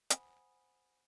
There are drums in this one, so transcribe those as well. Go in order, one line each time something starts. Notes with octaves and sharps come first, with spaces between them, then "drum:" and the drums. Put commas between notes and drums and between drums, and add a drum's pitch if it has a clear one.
C5 F#5 G#5 B5 D#6, drum: hi-hat